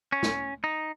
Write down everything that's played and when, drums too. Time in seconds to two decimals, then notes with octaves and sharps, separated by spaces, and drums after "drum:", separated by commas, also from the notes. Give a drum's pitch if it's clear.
0.12 C#4
0.23 drum: snare
0.64 D#4